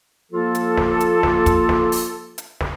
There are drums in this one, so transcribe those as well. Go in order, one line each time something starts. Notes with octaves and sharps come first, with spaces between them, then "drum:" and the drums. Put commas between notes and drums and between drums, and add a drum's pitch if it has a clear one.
F3 A#3 F4 A4
drum: hi-hat
drum: snare
drum: hi-hat
drum: snare
drum: kick, hi-hat
drum: snare
drum: open hi-hat
drum: hi-hat
drum: snare